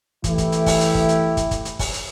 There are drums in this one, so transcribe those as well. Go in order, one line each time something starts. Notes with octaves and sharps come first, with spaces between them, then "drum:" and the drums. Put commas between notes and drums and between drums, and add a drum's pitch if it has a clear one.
E3 A3 E4 G4, drum: kick, hi-hat
drum: kick, hi-hat
drum: hi-hat
drum: kick, open hi-hat
drum: hi-hat
drum: kick
drum: hi-hat
drum: kick, hi-hat
drum: kick, hi-hat
drum: hi-hat
drum: kick, open hi-hat
drum: hi-hat